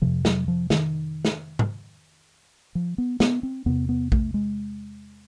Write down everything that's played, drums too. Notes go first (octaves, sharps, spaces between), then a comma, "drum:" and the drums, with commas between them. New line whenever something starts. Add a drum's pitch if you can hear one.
F2 C3 F3
F#3, drum: snare
F3
D#3, drum: snare
drum: snare
drum: tom G#2
F3
B3
B3, drum: snare
C4
E2 C3 B3
B3
A3, drum: kick
G#3